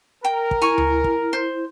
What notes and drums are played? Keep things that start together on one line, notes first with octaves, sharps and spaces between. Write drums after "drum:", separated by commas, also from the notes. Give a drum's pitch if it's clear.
A#4 G5
drum: kick
E4 G#5 A#5 C#6
drum: tom D2
drum: kick
C5